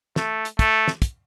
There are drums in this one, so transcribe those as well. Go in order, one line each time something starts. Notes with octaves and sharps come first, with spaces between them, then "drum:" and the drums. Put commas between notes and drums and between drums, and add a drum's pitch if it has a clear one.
A3, drum: snare
drum: hi-hat
A3, drum: kick, hi-hat
drum: snare
drum: kick, hi-hat